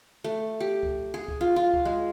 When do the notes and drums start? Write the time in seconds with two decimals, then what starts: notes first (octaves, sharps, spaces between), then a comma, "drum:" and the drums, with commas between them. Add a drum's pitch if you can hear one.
0.24 A3
0.60 G4
0.83 drum: kick
1.14 G#4
1.28 drum: kick
1.41 F4
1.56 F4
1.74 drum: kick
1.85 G#3